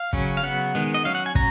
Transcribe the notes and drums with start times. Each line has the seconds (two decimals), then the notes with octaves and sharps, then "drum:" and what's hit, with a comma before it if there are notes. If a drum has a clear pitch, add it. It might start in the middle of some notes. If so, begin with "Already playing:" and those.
Already playing: F5
0.13 C#3 F#3 C#4, drum: kick
0.37 F5
0.43 C#3 F#3 B3 F#5
0.75 D#3 G#3 B3
0.94 D#5
1.05 F#3 C#4 F5
1.15 F#5
1.26 G#5
1.35 F#3 C#4 A#5, drum: kick